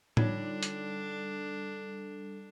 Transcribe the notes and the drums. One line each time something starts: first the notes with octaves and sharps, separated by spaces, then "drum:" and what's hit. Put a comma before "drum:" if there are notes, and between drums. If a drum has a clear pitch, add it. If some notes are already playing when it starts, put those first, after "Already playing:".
D3 G3 D4 D#4 F4 C#5, drum: tom
drum: hi-hat